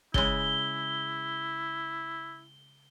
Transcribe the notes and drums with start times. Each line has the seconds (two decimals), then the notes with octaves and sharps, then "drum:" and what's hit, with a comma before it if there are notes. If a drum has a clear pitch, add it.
0.14 C#3 G#3 E4 G7, drum: kick